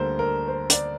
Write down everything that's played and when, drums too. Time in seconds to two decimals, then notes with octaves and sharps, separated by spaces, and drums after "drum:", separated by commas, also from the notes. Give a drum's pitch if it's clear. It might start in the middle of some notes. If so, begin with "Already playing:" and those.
Already playing: D2 D3 G3 A#3 A#4 C5
0.19 A#4
0.48 C5
0.70 D5, drum: hi-hat